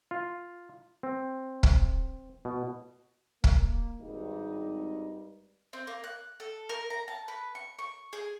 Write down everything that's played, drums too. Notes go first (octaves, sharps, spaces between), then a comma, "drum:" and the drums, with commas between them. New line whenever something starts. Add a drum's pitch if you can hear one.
F4
C4
drum: kick
B2
A#3, drum: kick
G#1 G2 G3 D#4
C4
A#3
F#6
A4
A#4
A#5
A5
B4
C#6
C#6
G#4